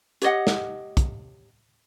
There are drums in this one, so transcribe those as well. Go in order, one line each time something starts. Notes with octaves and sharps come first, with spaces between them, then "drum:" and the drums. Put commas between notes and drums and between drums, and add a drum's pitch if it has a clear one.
G4 C#5 D#5 F#5, drum: hi-hat
drum: snare
drum: kick, hi-hat